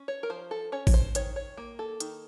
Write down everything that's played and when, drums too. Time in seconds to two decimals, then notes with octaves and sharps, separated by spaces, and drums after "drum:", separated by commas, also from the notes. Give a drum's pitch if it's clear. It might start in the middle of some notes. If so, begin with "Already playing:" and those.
Already playing: C#4
0.08 C#5
0.23 A#4
0.30 F3 C5
0.51 A4
0.72 C#4 C#5
0.87 C#5, drum: kick A1, open hi-hat
0.94 C5
1.15 D#3 C#5, drum: hi-hat
1.36 C#5
1.57 A#3
1.79 A4
2.00 D#3, drum: hi-hat